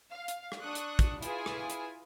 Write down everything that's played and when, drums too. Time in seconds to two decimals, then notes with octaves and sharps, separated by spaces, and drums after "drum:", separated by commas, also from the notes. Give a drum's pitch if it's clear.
0.10 F5
0.28 drum: hi-hat
0.52 drum: rim click
0.61 D4 C#6 D#6 F#6
0.75 drum: hi-hat
0.99 drum: kick, hi-hat
1.22 E4 F4 G#4 B4 G#5, drum: hi-hat
1.46 drum: rim click
1.70 drum: hi-hat